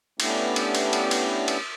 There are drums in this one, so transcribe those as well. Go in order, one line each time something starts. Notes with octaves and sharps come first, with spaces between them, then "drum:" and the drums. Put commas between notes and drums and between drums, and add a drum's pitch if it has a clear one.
A3 B3 C#4 D4 E4 G4, drum: cymbal
drum: cymbal
drum: cymbal
drum: cymbal
drum: cymbal
drum: cymbal